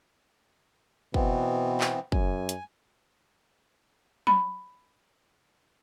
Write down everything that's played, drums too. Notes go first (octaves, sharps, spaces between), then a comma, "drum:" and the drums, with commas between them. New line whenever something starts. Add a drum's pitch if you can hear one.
B2 E3 B3 C4, drum: kick
drum: clap
F#2 G#5, drum: kick
drum: hi-hat
B5, drum: tom F#3